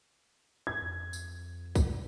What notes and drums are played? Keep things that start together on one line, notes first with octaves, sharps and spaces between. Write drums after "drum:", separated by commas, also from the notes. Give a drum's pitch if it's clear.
G#6
F2
drum: tambourine
drum: kick, tambourine